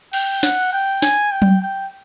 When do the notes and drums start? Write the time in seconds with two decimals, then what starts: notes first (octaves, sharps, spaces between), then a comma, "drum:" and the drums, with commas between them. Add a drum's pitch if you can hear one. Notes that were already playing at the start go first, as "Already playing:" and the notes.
0.13 G5, drum: cymbal
0.43 F#5, drum: snare
0.73 G5
1.02 G#5, drum: snare
1.32 G5
1.42 drum: tom F#3
1.62 G5